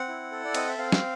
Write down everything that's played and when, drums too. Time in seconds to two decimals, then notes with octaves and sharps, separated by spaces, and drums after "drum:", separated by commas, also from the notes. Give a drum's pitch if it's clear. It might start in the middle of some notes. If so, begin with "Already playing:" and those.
Already playing: C4 F#5
0.08 E4
0.32 A4
0.45 D5
0.55 C4 D#5, drum: cymbal
0.68 E5
0.78 C4 F5
0.92 drum: snare